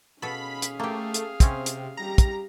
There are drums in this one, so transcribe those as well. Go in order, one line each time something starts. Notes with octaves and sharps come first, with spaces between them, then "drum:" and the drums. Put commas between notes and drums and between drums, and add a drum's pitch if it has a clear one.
B2 C#4 G#4 A4 F5 B5
drum: hi-hat
A3 A#3 G4
drum: hi-hat
C3 C4 C#4, drum: kick, hi-hat
drum: hi-hat
G3 G4 A#5
drum: kick, hi-hat